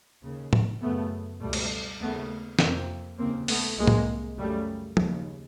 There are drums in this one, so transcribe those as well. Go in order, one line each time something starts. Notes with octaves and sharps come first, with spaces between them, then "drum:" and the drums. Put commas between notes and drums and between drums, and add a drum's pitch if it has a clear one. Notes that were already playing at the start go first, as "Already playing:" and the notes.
D#2 C#3
drum: tom
F#2 C#3 A3 B3
C#2 B2 G3 A3
drum: cymbal
D#2 C#3 A3 B3
F2 C3 A#3 C4, drum: snare
D#2 C#3 A#3 C4
A3 B3, drum: open hi-hat
C2 C3 G#3 A#3
drum: tom
F#2 C#3 G3 A3
D#2 C#3, drum: tom